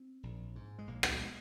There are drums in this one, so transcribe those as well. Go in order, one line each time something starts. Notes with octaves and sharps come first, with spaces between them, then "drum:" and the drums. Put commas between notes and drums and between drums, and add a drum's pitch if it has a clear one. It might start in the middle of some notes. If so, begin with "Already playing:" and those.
Already playing: C4
A#1
G#2
G#3
A#1 A#3
drum: rim click
G#3